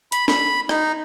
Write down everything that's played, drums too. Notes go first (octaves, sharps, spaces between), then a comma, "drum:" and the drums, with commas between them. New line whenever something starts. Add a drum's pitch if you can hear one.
B5, drum: hi-hat
B5, drum: snare
D#4, drum: rim click